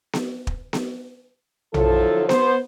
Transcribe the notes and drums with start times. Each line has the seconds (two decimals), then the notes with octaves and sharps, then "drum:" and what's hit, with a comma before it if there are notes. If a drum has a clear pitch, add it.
0.13 drum: snare B3
0.47 drum: kick
0.73 drum: snare B3
1.74 D3 F3 F#3 E4 A4, drum: tom A#1
2.29 B3 C5, drum: snare B3